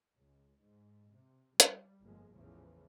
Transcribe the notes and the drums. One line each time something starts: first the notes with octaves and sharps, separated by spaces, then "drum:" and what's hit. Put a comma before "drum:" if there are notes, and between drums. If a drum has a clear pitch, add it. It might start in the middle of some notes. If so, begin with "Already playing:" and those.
C#2
G#2
C3
G3, drum: hi-hat
G1 F2 A#2 F3 G#3
A1 E2 C#3 E3 F3